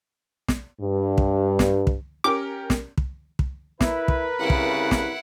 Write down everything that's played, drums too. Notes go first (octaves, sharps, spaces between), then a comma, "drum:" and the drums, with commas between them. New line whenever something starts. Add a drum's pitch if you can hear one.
drum: snare
G2
drum: kick
drum: snare
drum: kick
C#4 G4 A#4 D6
drum: snare
drum: kick
drum: kick
E4 A#4 B4, drum: snare
drum: kick
C2 C#3 E4 F#5
drum: kick
drum: snare